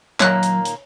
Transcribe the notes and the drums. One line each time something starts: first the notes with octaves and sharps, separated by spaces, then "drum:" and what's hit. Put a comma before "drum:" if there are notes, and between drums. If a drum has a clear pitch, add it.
A#2 D#3 F#3 A#3 C#5 F#6, drum: clap
drum: hi-hat
drum: hi-hat